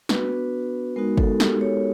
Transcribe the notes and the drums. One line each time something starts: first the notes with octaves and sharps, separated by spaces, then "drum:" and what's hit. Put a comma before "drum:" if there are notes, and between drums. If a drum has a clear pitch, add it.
B3 D4 F#4 B4, drum: snare
G#3 B3 D#4 F#4 A#4
A4, drum: kick
G4, drum: snare
C#5